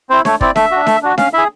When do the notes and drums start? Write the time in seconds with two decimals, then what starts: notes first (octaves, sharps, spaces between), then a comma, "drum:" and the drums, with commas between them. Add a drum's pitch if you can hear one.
0.10 C4 E4 C5
0.25 A3 C#5, drum: snare D4
0.41 C4 E4 D5, drum: kick
0.56 A3 E5, drum: snare D4
0.71 D4 F#4
0.87 A3, drum: snare D4
1.03 D4 F#4
1.18 C#4 F5, drum: snare D4
1.33 E4 G#4 E5